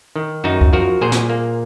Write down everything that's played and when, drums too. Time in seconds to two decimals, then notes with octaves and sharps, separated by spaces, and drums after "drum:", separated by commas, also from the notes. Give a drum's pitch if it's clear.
0.16 D#3
0.44 F#2 D#4 F#4
0.61 drum: kick D2
0.73 F3 F#4 A#4
1.01 A#2 G#4 C5
1.12 drum: snare
1.30 A#3